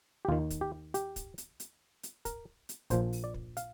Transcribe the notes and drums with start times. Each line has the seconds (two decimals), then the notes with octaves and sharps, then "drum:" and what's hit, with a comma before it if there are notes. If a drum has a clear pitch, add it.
0.25 G4
0.28 D#2 D#3 F4
0.50 drum: kick, hi-hat
0.61 G4
0.94 G4, drum: hi-hat
1.16 drum: kick, hi-hat
1.38 drum: hi-hat
1.60 drum: hi-hat
2.03 drum: hi-hat
2.25 A#4, drum: kick, hi-hat
2.69 drum: hi-hat
2.90 A#1 A#2 F3 C5, drum: kick, hi-hat
3.13 drum: open hi-hat
3.24 D5
3.34 drum: kick
3.57 F5, drum: hi-hat